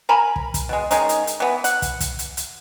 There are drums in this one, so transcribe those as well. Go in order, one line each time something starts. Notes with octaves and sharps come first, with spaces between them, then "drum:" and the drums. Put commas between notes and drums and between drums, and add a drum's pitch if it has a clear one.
A#4 G#5 A#5 B5
drum: kick
drum: kick, hi-hat
B2 G#3
D#3 G#3 C#4 D#4, drum: hi-hat
drum: hi-hat
drum: hi-hat
E3 B3
F#5, drum: hi-hat
drum: kick, hi-hat
drum: kick, hi-hat
drum: hi-hat
drum: hi-hat